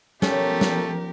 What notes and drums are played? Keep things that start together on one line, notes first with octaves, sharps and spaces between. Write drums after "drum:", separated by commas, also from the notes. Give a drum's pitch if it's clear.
F3 A3 B3 C#4 G4 A#4, drum: snare
drum: snare